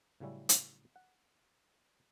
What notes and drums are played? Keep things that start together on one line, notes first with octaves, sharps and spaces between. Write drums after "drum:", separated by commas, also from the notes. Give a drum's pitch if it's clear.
A2 C#3 F#3 G3 C#4 E4
drum: hi-hat
F#5